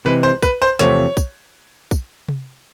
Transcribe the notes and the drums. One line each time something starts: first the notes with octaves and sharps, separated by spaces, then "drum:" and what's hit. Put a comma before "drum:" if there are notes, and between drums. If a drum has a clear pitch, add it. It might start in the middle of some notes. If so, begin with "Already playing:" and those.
C3 E3 G#3 B4
C5
B4, drum: kick, tambourine
C5
E2 C3 F3 A3 C4 C#5, drum: snare
drum: kick, tambourine
drum: kick, tambourine
drum: tom C3